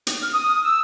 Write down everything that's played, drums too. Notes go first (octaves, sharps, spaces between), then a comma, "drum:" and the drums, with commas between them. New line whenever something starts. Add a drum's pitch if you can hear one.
drum: hi-hat
F6
D#6
E6